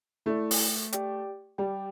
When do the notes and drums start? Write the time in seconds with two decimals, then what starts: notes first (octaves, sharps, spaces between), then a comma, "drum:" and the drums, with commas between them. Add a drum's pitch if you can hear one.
0.26 A3 E4 A4 D5
0.51 drum: open hi-hat
0.93 G4 D5 G5, drum: hi-hat
1.58 G3 G4 D5 G5